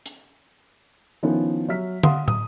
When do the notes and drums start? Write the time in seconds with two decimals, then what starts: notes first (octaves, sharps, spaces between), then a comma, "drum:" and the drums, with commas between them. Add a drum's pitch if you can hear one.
0.06 drum: hi-hat
1.23 D#3 F3 B3 C#4 E4
1.68 F#3 E5 F6 B6
2.03 F5 F#5 C6 D#6, drum: tom
2.28 D#6, drum: tom